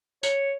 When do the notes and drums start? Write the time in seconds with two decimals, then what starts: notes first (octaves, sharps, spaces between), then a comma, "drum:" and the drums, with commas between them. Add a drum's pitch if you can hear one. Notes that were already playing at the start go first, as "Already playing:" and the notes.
0.23 C#5, drum: tambourine